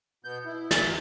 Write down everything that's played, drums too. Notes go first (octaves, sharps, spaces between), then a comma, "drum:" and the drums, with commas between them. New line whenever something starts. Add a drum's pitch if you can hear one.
B2 B3 G6
E4
A6, drum: snare